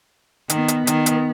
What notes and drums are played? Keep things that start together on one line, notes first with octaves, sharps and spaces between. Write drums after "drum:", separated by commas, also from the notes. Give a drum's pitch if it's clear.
D#3 B3, drum: hi-hat
drum: hi-hat
D#3, drum: hi-hat
drum: hi-hat